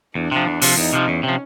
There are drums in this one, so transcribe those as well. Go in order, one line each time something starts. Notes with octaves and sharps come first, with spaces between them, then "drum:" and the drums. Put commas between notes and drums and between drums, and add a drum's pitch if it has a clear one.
E2 D4
C3 F3
E2
C3 F3, drum: open hi-hat
E2 D#4
C3 F3
E2 C#4
C3
F3